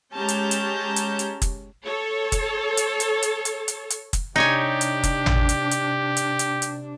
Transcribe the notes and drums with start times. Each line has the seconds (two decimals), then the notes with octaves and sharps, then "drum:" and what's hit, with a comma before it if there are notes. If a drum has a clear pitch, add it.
0.13 G#3 C#4 G4 A5 A#5 G6
0.28 drum: hi-hat
0.51 drum: hi-hat
0.96 drum: hi-hat
1.19 drum: hi-hat
1.42 drum: kick, hi-hat
1.86 A4 C#5
2.32 drum: kick, hi-hat
2.77 drum: hi-hat
3.00 drum: hi-hat
3.23 drum: hi-hat
3.45 drum: hi-hat
3.68 drum: hi-hat
3.90 drum: hi-hat
4.13 drum: kick, hi-hat
4.36 C3 D4 D#4 G4 C#5 G#5
4.81 drum: hi-hat
5.03 drum: kick, hi-hat
5.26 drum: tom
5.49 drum: hi-hat
5.71 drum: hi-hat
6.17 drum: hi-hat
6.39 drum: hi-hat
6.62 drum: hi-hat